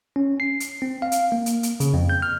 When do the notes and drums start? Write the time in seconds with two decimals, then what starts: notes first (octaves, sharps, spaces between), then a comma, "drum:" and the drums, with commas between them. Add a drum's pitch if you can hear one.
0.16 C#4
0.40 C7
0.60 drum: hi-hat
0.82 C4
1.02 F5
1.12 drum: hi-hat
1.32 A#3
1.46 drum: hi-hat
1.63 drum: hi-hat
1.80 C#3, drum: hi-hat
1.94 F2
2.09 G6
2.22 F6